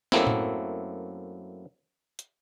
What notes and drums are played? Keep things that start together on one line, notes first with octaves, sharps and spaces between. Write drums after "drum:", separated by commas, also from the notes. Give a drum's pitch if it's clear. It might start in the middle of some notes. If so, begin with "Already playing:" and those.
F#2 F#3 A3 A#3 C4 E4, drum: snare
drum: tom A2
drum: hi-hat